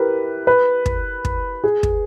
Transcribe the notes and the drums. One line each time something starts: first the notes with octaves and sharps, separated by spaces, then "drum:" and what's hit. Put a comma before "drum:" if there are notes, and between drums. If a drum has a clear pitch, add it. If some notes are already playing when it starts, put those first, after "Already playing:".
Already playing: E4 G4 A#4 B4
B4
drum: kick
drum: kick
G#4
drum: kick